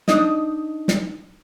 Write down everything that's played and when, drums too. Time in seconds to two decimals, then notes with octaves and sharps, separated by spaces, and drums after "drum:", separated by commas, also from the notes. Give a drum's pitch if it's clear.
0.08 D4 D#4 D#5, drum: snare
0.88 drum: snare